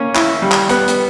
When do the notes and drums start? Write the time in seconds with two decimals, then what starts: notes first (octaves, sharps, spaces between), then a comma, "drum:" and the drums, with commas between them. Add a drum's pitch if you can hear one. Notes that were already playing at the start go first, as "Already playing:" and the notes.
Already playing: A#3 C#4
0.15 E4, drum: clap
0.42 G3
0.52 drum: clap
0.69 B3, drum: hi-hat
0.88 drum: hi-hat